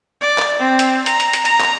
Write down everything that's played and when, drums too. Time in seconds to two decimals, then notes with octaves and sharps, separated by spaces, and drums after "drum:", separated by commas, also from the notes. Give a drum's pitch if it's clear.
0.21 D5
0.38 drum: clap
0.59 C4
0.79 drum: hi-hat
1.06 A#5, drum: hi-hat
1.20 drum: hi-hat
1.33 drum: hi-hat
1.45 A#5, drum: hi-hat
1.61 drum: clap